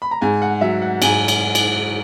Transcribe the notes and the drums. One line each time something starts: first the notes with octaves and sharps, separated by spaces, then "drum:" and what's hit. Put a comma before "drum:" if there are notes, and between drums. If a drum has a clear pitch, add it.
B5
A#5
G#2 G#5
F#5
F#3 E5
F#5
G#2 G#5, drum: cymbal
drum: cymbal
drum: cymbal